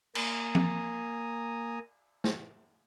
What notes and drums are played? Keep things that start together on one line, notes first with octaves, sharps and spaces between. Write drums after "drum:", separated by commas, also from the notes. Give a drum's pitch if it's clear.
A#3 G#5 A#5 D#6, drum: cymbal
drum: tom F3
drum: snare